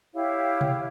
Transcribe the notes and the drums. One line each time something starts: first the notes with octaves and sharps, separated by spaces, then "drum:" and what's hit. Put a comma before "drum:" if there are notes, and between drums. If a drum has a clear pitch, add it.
E4 G4 C#5 F5
drum: tom B2